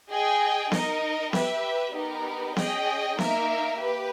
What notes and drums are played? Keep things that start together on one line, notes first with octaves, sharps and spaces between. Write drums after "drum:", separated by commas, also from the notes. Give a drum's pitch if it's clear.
G#4 D#5 G5
D#4 A#4 D#5, drum: snare B3
G4 B4 E5, drum: snare B3
B3 D#4 G4 A#4
C#4 G#4 D#5 G5, drum: snare B3
A#3 D#4 A#4 E5, drum: snare B3
G4 B4